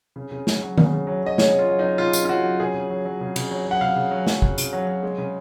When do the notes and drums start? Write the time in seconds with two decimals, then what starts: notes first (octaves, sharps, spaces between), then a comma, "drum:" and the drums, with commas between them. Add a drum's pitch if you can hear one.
0.16 C#3
0.32 C#3
0.47 F#3, drum: snare
0.62 F#3
0.78 C#3, drum: tom D#3
0.93 C#3
1.07 F#3
1.23 F#3 D#5
1.38 C#3 C#5, drum: snare
1.53 C#3
1.59 F4
1.68 F#3
1.79 D#4
1.84 F#3
1.98 C#3 F4
2.13 C#3, drum: tambourine
2.25 F4
2.29 F#3 F#4
2.44 F#3
2.60 C#3 G#4
2.74 C#3
2.90 F#3
3.05 F#3
3.21 C#3
3.36 C#3, drum: cymbal
3.51 F#3
3.66 F#3 F#5
3.81 C#3 F5
3.96 C#3
4.11 F#3
4.27 F#3, drum: snare
4.42 C#3, drum: kick
4.58 C#3, drum: hi-hat
4.73 F#3
4.87 F#3
5.03 G#3
5.18 C#3